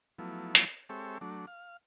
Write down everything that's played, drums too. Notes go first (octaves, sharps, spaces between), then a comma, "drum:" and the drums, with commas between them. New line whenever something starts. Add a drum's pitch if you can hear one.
F3 F#3 A3 B3 E4
drum: hi-hat
G#3 C4 G4 A4 C#5 E5
F#3 A3 D4
F5